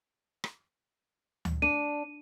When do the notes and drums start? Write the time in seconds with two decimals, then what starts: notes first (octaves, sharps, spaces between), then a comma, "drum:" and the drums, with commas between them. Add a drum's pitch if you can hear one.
0.44 drum: rim click
1.45 drum: tom D2
1.62 D4 D#7